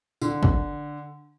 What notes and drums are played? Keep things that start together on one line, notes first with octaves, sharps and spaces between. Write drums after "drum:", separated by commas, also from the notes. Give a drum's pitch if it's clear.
D3, drum: tambourine
drum: kick G1